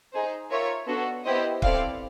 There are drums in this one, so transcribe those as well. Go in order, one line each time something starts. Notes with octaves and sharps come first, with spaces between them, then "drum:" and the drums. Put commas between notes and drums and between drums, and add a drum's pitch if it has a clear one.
D#4 G#4 C5
F4 A#4 C#5 E5
B3 D4 F#4 A4
B3 E4 G4 C5 D#5
C4 E4 A4 D5 F5, drum: kick